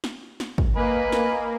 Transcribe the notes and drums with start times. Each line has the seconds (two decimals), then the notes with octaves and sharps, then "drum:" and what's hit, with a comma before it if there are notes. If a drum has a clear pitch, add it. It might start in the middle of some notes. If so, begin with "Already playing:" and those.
0.04 drum: snare
0.40 drum: snare
0.58 drum: kick
0.76 A#3 B4 D#5 G#5 B5
1.12 drum: snare